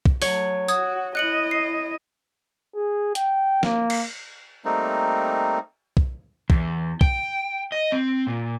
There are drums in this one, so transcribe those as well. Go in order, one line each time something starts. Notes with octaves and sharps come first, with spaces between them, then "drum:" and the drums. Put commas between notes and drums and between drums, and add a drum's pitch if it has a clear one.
drum: kick
F#3 A3 C#5, drum: open hi-hat
F#4 D#6 G#6, drum: tambourine
E4 D#5 F#6 C#7 F#7
C7
G#4
G5, drum: hi-hat
A#3, drum: snare
drum: cymbal
G3 A3 A#3 C4 D#4
drum: kick
E2, drum: kick
G5, drum: kick
D#5
C4
A#2